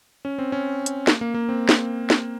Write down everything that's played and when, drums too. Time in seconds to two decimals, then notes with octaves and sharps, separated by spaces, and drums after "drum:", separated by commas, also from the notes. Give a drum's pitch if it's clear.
0.25 C#4
0.39 C4
0.52 C#4
0.86 drum: hi-hat
1.07 A#3, drum: snare
1.21 A#3
1.34 A#3
1.49 C4
1.69 drum: snare
2.10 drum: snare